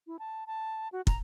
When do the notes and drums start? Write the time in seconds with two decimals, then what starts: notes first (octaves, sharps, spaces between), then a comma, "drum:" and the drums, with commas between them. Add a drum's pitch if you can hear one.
0.07 E4
0.19 A5
0.47 A5
0.92 F#4
1.07 A#5, drum: kick